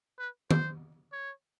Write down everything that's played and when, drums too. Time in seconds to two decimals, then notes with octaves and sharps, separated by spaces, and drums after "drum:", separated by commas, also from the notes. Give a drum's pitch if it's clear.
0.19 B4
0.51 C5, drum: tom
1.12 C#5